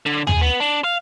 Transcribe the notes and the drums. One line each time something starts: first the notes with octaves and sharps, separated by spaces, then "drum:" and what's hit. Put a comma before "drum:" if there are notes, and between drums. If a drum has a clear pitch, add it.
D3
G#4, drum: tom
B3
D4
F5